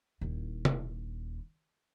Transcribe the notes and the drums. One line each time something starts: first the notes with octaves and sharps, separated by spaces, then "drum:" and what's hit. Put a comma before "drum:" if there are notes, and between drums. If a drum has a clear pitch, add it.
D#1 E4
drum: tom C3